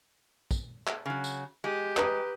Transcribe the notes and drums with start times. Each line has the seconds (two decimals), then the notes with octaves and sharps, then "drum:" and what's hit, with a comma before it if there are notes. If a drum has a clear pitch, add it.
0.51 drum: kick, tambourine
0.87 drum: clap
1.06 C#3 F#3
1.24 drum: tambourine
1.64 G#3 G4
1.97 B4 A#5 D#6, drum: clap